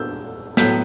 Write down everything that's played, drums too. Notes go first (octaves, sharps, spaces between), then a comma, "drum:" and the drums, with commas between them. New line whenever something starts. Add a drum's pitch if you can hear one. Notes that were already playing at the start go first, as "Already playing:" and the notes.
Already playing: E6 G6
A2 F#3 B3 G6 B6, drum: snare